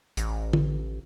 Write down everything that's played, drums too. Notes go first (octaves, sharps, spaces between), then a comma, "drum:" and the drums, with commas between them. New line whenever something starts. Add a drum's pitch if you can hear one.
A1, drum: hi-hat
drum: tom